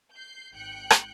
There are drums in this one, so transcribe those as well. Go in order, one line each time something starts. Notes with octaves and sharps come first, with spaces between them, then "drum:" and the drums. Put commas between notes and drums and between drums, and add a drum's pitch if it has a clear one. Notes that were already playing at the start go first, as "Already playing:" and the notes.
G6 C7
G#1 G5 F#6 G6 C#7
drum: rim click